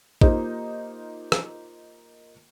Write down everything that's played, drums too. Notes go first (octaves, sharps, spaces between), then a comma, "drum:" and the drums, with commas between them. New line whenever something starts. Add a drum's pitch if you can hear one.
A#3 D#4 F4 G4 C5 D#5, drum: kick
drum: rim click